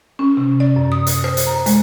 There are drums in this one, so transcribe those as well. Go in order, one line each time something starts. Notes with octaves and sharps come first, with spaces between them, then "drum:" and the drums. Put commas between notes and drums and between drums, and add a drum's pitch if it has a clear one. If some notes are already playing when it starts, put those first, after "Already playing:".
C#4
C3
D5
F#2
D#6
drum: hi-hat
C5
drum: hi-hat
A#5
G#3, drum: hi-hat